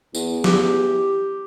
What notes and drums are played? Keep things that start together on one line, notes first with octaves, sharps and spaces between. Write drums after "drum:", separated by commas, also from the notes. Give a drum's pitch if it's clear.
E2, drum: tambourine
G4, drum: snare